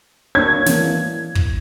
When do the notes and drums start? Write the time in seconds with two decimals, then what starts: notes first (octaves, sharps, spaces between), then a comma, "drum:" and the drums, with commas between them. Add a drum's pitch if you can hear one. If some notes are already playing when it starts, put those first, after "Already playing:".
0.35 A#3 D4 C#5 G#6
0.66 E3 A#3, drum: snare
1.35 drum: kick